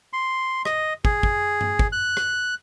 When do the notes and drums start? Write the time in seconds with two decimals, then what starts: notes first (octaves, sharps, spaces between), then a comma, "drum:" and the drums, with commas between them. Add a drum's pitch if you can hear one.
0.13 C6
0.65 D#5, drum: rim click
1.05 G#4, drum: kick
1.23 drum: kick
1.61 drum: tom G2
1.79 drum: kick
1.92 F#6
2.17 drum: rim click